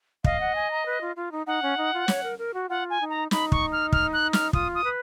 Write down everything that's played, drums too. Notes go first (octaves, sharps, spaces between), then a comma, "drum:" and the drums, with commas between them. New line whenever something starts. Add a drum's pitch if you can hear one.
D#5 F5, drum: kick
F#5
G#5
A#5
B4
F4
F4
D#4
D#4 F#5
C#4
D#4
F4
C#5, drum: snare
A#4
A#4
F#4
F4 F#5
G#5
D#4
A#5
D#4 B5, drum: snare
C#6, drum: kick
F6
F6, drum: kick
F#6
F6, drum: snare
F4 D#6, drum: kick
D#6
B4